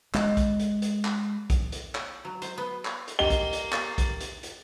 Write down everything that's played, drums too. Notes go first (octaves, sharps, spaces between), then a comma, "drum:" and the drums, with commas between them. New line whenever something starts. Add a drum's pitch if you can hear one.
G#3, drum: clap
drum: kick, hi-hat
drum: hi-hat
drum: hi-hat
drum: clap
drum: kick, hi-hat
drum: hi-hat
drum: clap
F#3
C5, drum: hi-hat
B3
drum: clap
drum: hi-hat
A#3 G4 D#5 G7
drum: kick, hi-hat
drum: hi-hat
A6, drum: clap
drum: kick, hi-hat
drum: hi-hat
drum: hi-hat